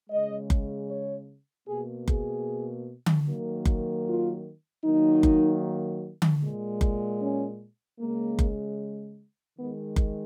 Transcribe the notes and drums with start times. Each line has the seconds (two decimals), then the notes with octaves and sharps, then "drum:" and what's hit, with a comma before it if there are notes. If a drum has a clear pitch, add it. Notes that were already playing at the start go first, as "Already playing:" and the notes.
0.10 C#3 G#3 D#5
0.50 drum: kick F#1
0.90 C#5
1.68 B2 A#3 G#4
2.08 G#4, drum: kick F#1
3.06 drum: tom D3
3.26 D#3 F#3 A#3
3.65 drum: kick F#1
4.05 F4
4.84 D#3 F#3 A#3 D#4
5.23 drum: kick F#1
6.22 drum: tom D3
6.41 A#2 G#3
6.81 drum: kick F#1
7.21 C#4
7.99 C#3 G#3 A#3
8.39 drum: kick F#1
9.57 D#3 G#3 B3
9.96 drum: kick F#1